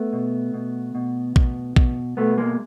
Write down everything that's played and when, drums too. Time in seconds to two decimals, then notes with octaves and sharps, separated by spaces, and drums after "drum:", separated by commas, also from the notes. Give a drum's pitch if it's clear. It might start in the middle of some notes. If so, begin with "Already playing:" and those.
Already playing: A3 B3
0.13 B2
0.54 B2
0.95 B2
1.36 B2, drum: kick A#1
1.76 B2, drum: kick A#1
2.17 B2 A3 B3
2.38 G#3 A#3